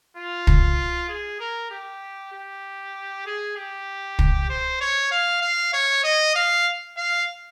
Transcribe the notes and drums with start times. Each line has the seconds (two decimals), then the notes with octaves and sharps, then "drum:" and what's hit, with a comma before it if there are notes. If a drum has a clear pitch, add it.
0.17 F4
0.47 drum: kick
1.09 G#4
1.40 A#4
1.71 G4
2.32 G4
3.26 G#4
3.56 G4
4.19 drum: kick
4.50 C5
4.81 C#5
5.11 F5
5.42 F5
5.73 C#5
6.04 D#5
6.36 F5
6.97 F5